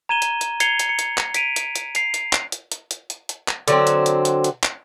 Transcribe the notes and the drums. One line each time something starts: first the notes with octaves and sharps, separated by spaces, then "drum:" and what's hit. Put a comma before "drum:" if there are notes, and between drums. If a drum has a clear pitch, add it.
A#5 G#6 D#7 E7 G7
drum: hi-hat
drum: hi-hat
G#6 C7 C#7 F7 G7, drum: hi-hat
drum: hi-hat
C#7
drum: hi-hat
drum: clap
B6 D7 D#7 F7, drum: hi-hat
drum: hi-hat
drum: hi-hat
C7 F7, drum: hi-hat
drum: hi-hat
drum: clap
drum: hi-hat
drum: hi-hat
drum: hi-hat
drum: hi-hat
drum: hi-hat
drum: clap
D3 F#3 C4, drum: hi-hat
drum: hi-hat
drum: hi-hat
drum: hi-hat
drum: hi-hat
drum: clap